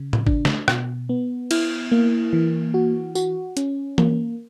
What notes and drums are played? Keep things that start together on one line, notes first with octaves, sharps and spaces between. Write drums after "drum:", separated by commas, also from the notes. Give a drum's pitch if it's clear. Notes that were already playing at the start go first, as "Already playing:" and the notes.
Already playing: C#3
drum: tom A2
D4, drum: kick
drum: snare
B2, drum: rim click
B3
E4, drum: cymbal
A#3
E3
F#4
F#4, drum: tambourine
C#4, drum: hi-hat
A#3, drum: tom E3